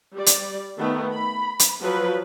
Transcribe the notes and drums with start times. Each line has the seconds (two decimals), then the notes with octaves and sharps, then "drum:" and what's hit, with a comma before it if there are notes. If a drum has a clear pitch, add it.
0.14 G3 D5
0.26 drum: hi-hat
0.78 D#3 A3 B3
1.12 B5
1.59 drum: hi-hat
1.82 F3 F#3 B4